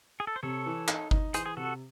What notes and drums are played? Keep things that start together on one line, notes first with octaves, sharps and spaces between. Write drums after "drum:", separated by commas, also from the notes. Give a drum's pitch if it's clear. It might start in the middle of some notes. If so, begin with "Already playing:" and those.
G#4
A4
C5
C3 A4 C#5
E3
D#4, drum: clap
D#4, drum: kick G1
E3 G#4 C5, drum: hi-hat
G#4
C3 F#4 A4